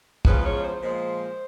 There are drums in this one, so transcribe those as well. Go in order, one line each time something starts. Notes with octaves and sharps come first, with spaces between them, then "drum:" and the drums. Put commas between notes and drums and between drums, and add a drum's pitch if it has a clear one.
E2 C#3 F3 G#3 B4, drum: kick
C#5
C5
A#2 F3 G#3 C5